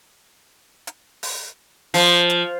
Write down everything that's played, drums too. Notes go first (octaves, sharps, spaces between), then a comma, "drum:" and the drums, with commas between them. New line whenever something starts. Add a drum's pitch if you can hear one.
drum: hi-hat
drum: open hi-hat
F3, drum: open hi-hat
drum: hi-hat